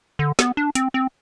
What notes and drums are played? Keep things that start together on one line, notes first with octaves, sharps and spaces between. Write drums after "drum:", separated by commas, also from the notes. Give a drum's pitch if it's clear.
D3
B3, drum: snare
D4
C4, drum: hi-hat
C4